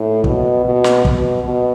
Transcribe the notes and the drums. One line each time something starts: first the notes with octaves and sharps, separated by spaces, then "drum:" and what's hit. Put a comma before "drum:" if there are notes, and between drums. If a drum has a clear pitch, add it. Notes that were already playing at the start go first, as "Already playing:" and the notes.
Already playing: A2
B2, drum: kick
B2
drum: snare
B2, drum: kick
B2